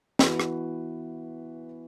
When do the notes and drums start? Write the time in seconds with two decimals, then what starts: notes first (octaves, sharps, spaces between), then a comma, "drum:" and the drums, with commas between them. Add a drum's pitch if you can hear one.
0.19 E3 B3 F#4 B4, drum: snare
0.40 drum: rim click